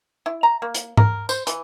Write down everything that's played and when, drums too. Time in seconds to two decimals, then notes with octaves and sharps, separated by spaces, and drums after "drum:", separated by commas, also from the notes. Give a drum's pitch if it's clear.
0.26 E4
0.43 A#5
0.62 A#3
0.75 drum: hi-hat
0.97 A#4, drum: tom G#2
1.29 C5, drum: tambourine
1.47 E3, drum: hi-hat